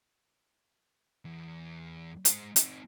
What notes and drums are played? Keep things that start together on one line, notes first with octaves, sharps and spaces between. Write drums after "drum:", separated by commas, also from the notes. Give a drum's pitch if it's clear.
E2
G#3 C5, drum: hi-hat
C4 D#4, drum: hi-hat